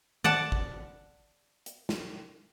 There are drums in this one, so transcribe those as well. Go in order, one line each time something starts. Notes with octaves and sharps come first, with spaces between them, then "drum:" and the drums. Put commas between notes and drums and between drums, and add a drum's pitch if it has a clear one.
D5 F#5 A5, drum: tom
drum: kick
drum: hi-hat
drum: snare